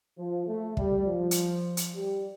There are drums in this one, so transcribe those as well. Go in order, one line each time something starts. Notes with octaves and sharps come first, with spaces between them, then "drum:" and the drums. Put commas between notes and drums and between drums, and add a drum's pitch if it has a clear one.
F3
A3
G3, drum: kick
F3
drum: hi-hat
drum: hi-hat
G3